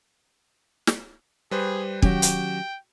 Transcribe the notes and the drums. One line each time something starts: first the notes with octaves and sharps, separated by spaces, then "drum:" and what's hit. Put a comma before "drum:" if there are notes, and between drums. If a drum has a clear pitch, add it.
drum: snare
G3 G#4 B4 C5
D#3 F#3 C#4 F#4 G4 G5, drum: kick
drum: hi-hat